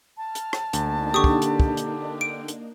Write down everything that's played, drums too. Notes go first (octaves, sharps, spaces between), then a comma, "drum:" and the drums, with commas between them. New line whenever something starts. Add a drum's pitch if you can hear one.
A5 F6
drum: hi-hat
drum: rim click
D2 A#3 D4 D#4, drum: hi-hat
D3 G4 C#6 D#6
drum: kick
drum: hi-hat
drum: kick
drum: hi-hat
D7
drum: hi-hat